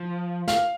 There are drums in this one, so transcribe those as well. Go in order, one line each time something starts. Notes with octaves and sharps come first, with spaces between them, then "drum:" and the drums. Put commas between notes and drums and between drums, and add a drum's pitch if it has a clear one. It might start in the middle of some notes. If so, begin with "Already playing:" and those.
Already playing: F3
F5, drum: snare